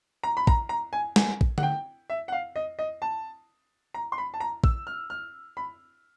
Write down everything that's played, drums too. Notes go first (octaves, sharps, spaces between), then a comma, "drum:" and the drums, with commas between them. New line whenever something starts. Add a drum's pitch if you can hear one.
A#5
B5
A#5, drum: kick
A#5
G#5
G#5, drum: snare
drum: kick
F#5, drum: tom
G5
E5
F#5
F5
D#5
D#5
A5
A#5
C6
B5
A5
A#5
E6, drum: kick
F6
F6
B5